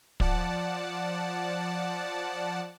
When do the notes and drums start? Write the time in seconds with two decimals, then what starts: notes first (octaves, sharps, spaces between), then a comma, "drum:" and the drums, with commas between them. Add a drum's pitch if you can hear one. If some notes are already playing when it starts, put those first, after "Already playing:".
0.20 F3 D5 F#5 A5, drum: kick